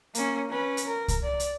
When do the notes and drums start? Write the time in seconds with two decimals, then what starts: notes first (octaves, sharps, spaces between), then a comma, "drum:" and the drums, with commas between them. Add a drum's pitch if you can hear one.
0.15 A#3 C#4, drum: hi-hat
0.50 C#4 B4
0.77 drum: hi-hat
0.87 A#4
1.08 drum: kick C2, hi-hat
1.23 D5
1.40 drum: hi-hat